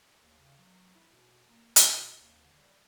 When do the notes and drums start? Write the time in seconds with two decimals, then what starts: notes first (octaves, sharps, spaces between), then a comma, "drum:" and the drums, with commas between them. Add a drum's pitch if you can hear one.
0.23 D#2
0.38 C#3
0.59 F#3
0.95 E4
1.12 B2
1.49 A#3
1.76 B2, drum: hi-hat
2.18 D#2
2.45 D3
2.58 G3